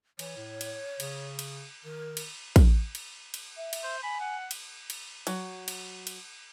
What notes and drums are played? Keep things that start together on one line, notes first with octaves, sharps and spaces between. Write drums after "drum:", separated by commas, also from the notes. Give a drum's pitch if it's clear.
E3 C#5, drum: cymbal
A2
drum: cymbal
C#3, drum: cymbal
drum: cymbal
D#3 A#4
drum: cymbal
drum: kick, cymbal
drum: cymbal
drum: cymbal
E5
drum: cymbal
C5
G#5 B5
F#5
drum: cymbal
drum: cymbal
F#3, drum: cymbal
drum: cymbal
drum: cymbal